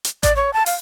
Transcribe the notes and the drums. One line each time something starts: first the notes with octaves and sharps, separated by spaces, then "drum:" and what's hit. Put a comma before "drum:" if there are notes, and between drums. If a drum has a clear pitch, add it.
drum: hi-hat
D5, drum: kick A1, hi-hat
C#5
A5
F5, drum: open hi-hat